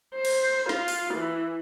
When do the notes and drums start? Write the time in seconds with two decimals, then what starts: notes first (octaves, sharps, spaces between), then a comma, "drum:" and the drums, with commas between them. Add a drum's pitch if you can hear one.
0.15 C5
0.25 drum: cymbal
0.69 F4, drum: snare
0.88 drum: open hi-hat
1.14 E3